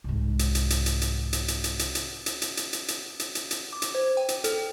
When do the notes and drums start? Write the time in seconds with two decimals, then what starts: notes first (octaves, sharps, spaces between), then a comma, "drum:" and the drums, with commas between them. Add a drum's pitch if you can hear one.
0.04 C2 G#2
0.39 drum: hi-hat
0.55 drum: hi-hat
0.70 drum: hi-hat
0.86 drum: hi-hat
1.02 drum: hi-hat
1.33 drum: hi-hat
1.48 drum: hi-hat
1.64 drum: hi-hat
1.79 drum: hi-hat
1.95 drum: hi-hat
2.26 drum: hi-hat
2.42 drum: hi-hat
2.57 drum: hi-hat
2.73 drum: hi-hat
2.88 drum: hi-hat
3.20 drum: hi-hat
3.35 drum: hi-hat
3.51 drum: hi-hat
3.73 D6
3.82 drum: hi-hat
3.95 C5
4.17 G5
4.28 drum: hi-hat
4.44 A4, drum: hi-hat